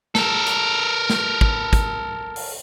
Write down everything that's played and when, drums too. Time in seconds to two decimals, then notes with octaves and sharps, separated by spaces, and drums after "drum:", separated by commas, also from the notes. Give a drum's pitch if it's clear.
0.15 A4 A#4, drum: snare
0.46 drum: hi-hat
1.10 drum: snare
1.41 drum: kick
1.73 drum: kick, hi-hat
2.36 drum: open hi-hat